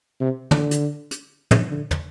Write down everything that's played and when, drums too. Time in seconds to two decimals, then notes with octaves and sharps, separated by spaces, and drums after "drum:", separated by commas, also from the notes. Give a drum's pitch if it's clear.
0.21 C3
0.51 D3, drum: tom
0.71 drum: hi-hat
1.11 drum: hi-hat
1.51 drum: tom
1.71 D3
1.91 drum: tom